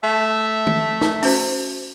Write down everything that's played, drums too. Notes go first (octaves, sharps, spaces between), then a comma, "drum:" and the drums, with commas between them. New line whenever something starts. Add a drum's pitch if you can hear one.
A3 E5
drum: tom D#3
drum: snare
C#4 F#4 C5, drum: open hi-hat